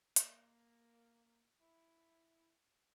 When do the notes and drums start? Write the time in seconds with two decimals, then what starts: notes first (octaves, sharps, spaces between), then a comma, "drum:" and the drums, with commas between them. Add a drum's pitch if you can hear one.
0.16 A#3, drum: hi-hat
1.60 E4